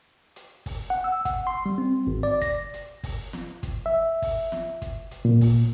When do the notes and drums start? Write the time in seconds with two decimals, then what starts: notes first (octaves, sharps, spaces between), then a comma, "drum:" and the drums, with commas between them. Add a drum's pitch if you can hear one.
0.36 drum: hi-hat
0.66 drum: kick, open hi-hat
0.90 F#5
1.04 E6
1.25 F#5, drum: kick, hi-hat
1.47 C6
1.66 G3
1.78 C4
2.07 G#1
2.23 D5
2.42 A#6, drum: kick, hi-hat
2.74 drum: hi-hat
3.03 drum: kick, open hi-hat
3.33 drum: snare
3.63 drum: kick, hi-hat
3.86 E5
4.22 drum: kick, open hi-hat
4.52 drum: snare
4.82 drum: kick, hi-hat
5.11 drum: hi-hat
5.25 A#2
5.41 drum: kick, open hi-hat